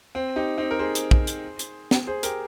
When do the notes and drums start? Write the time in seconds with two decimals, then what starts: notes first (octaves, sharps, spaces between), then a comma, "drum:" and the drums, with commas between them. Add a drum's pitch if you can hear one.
0.15 C4
0.36 D#4 G4
0.58 C4 D#4
0.71 A#4
0.79 G#4 C5
0.95 drum: hi-hat
1.11 drum: kick
1.27 drum: hi-hat
1.59 drum: hi-hat
1.91 drum: snare
2.07 G#4 C5
2.23 G4 A#4, drum: hi-hat